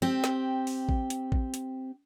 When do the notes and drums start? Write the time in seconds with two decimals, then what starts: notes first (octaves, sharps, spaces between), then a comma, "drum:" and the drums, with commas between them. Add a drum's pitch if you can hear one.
0.02 C4 G4
0.24 drum: snare
0.67 drum: open hi-hat
0.89 drum: kick A1
1.10 drum: hi-hat
1.32 drum: kick A1
1.54 drum: hi-hat